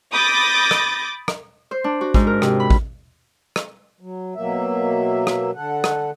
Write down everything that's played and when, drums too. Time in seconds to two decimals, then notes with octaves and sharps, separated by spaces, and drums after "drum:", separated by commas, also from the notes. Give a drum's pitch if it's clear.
0.13 B5 D6 D#6 G6 A6 A#6
0.71 drum: rim click
1.28 drum: rim click
1.71 C5
1.84 D4
2.01 F#4
2.14 G#2, drum: kick
2.27 A#4
2.42 C3, drum: rim click
2.60 B5
2.70 drum: kick
3.56 drum: rim click
4.00 F#3
4.35 B2 F#3 A#3 E5
5.27 drum: rim click
5.55 D3 A4 F#5
5.84 drum: rim click